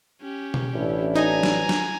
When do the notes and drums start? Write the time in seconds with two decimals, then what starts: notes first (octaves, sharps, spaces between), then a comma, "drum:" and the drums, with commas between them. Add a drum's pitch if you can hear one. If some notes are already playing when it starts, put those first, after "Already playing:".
0.21 C#4 G4
0.54 drum: tom B2
0.75 A1 D4 E4
1.16 D#4 G#5 A#5
1.43 drum: snare
1.69 drum: snare